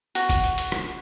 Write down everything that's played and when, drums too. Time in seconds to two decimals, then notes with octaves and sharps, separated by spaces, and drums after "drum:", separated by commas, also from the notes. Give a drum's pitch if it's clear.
0.15 F#4, drum: hi-hat
0.29 drum: kick, hi-hat
0.44 drum: hi-hat
0.58 drum: hi-hat
0.72 drum: rim click